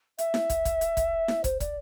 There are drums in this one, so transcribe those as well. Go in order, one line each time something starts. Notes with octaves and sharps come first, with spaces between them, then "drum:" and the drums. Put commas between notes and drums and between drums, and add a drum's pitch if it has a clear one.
E5, drum: hi-hat
drum: snare E4
drum: kick, hi-hat
drum: kick, hi-hat
drum: hi-hat
drum: kick, hi-hat
drum: snare E4
C5, drum: kick, hi-hat
D5, drum: kick, hi-hat